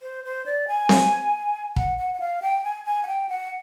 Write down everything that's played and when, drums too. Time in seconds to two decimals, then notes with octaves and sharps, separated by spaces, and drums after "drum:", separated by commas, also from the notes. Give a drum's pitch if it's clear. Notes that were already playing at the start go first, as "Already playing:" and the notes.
0.02 C5
0.24 C5
0.46 D5
0.68 G#5
0.89 drum: snare C4
1.76 F#5, drum: kick
1.98 F#5
2.14 F#5
2.20 F5
2.42 G5
2.64 G#5
2.85 G#5
3.03 F#5
3.07 G5
3.29 F#5